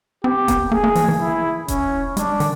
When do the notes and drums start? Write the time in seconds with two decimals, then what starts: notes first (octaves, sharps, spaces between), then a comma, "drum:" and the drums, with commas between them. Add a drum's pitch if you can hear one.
0.24 C4 G4
0.48 B3, drum: kick E1, hi-hat
0.72 A#3 G#4
0.84 A#3
0.95 F3, drum: open hi-hat
1.08 E3
1.20 E4
1.68 C#4, drum: kick E1, hi-hat
2.17 G#3 D4, drum: hi-hat
2.40 D#3, drum: open hi-hat